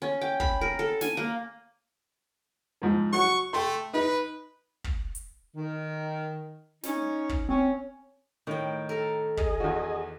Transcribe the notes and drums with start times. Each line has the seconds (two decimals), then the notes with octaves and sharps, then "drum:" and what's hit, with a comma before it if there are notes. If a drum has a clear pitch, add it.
0.02 C#4
0.21 G5
0.40 B5, drum: kick
0.61 A#4
0.79 A4
1.01 G#5, drum: snare
1.17 A#3
2.82 G#2 F3
3.13 F#3 F#5 C#6 F#6
3.53 A3 G5 C6
3.94 D#4 B4
4.84 drum: kick
5.15 drum: hi-hat
5.55 D#3
6.83 C#4 D#4, drum: snare
7.29 drum: kick
7.49 C4 C#4
8.47 A2 D#3 G5
8.89 A4 A#4
9.37 G#4 D#5, drum: kick
9.60 E2 F#4